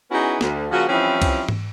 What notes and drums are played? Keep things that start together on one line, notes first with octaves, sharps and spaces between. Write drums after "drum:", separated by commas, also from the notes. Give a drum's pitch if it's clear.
B3 C#4 D#4 E4 F#4 G#4
D2, drum: snare
C#3 F3 A#3 F#4
E3 F3 G3 C4 C#4 E4
drum: kick C2, cymbal
drum: tom G#2